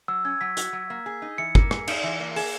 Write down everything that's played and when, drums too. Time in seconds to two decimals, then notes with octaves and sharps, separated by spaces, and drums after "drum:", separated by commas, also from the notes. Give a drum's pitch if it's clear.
0.08 F#3 E6
0.25 C#4 G#6
0.41 F#3 B6
0.57 F#4, drum: hi-hat
0.73 F#3
0.90 A#3
1.06 G#4
1.22 D#4
1.38 E3 C#7
1.55 A#3, drum: kick
1.71 G#4, drum: rim click
1.87 D#4, drum: cymbal
2.03 E3
2.20 A#3
2.36 G#4 E7, drum: open hi-hat